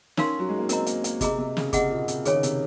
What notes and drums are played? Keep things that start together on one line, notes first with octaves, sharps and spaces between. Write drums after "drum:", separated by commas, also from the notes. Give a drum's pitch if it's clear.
C#4 D#4 A#4 F5 C6, drum: snare
F#3
G#3
A#3
C4 A#4 D#5 A#5, drum: hi-hat
A#3, drum: hi-hat
A#3, drum: hi-hat
C3 G#4 D#5 A#5, drum: kick G1, hi-hat
C3
C#3, drum: snare
C3 G#4 D#5 F#5, drum: kick G1, hi-hat
A#2
C3, drum: hi-hat
D#3 G#4 C#5 G#5, drum: hi-hat
C#3
C3, drum: hi-hat